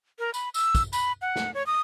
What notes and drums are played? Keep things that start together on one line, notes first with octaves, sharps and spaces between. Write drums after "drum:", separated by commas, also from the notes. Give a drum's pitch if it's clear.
A#4
B5, drum: tambourine
E6, drum: tambourine
drum: kick, tambourine
B5, drum: tambourine
F#5
drum: snare
C#5
D#6